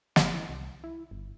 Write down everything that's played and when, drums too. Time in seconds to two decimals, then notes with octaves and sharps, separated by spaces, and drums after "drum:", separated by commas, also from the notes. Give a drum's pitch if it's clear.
0.16 G1, drum: snare
0.34 E3
0.49 C2
0.84 E4
1.11 G1